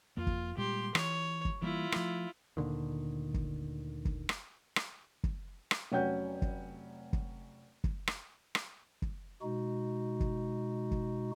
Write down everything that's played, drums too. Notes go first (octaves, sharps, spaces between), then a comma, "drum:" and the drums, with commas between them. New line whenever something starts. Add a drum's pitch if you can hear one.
F2 A#3 F4
drum: kick
A#2 G3 G#3 G4 C6
E3 C#5, drum: rim click
drum: kick
E3 G3 A#3 E4 F4
F3 A3, drum: rim click
D2 A#2 D3 D#3
drum: kick
drum: kick
drum: rim click
drum: rim click
drum: kick
drum: rim click
F1 F#3 C#4 F#5 G5 G6
drum: kick
drum: kick
drum: kick
drum: rim click
drum: rim click
drum: kick
B2 G#3 D#4 F#4
drum: kick
drum: kick